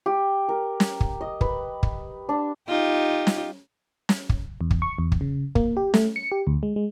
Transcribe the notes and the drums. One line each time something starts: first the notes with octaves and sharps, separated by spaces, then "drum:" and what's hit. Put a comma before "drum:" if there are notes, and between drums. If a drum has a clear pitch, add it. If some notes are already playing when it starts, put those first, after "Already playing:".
G4
A#4
drum: snare
drum: kick
D#5
B4, drum: kick
drum: kick
D4
D#4 F4 G4
drum: snare
drum: snare
drum: kick
E2
drum: kick
C#6
E2
drum: kick
C#3
A#3, drum: kick
G4
A3, drum: snare
C#7
G4
D2
G#3
G#3